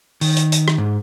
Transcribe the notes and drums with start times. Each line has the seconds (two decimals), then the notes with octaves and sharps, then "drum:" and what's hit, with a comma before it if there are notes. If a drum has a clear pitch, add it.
0.21 D#3, drum: open hi-hat
0.37 drum: hi-hat
0.52 drum: hi-hat
0.68 drum: rim click
0.78 G#2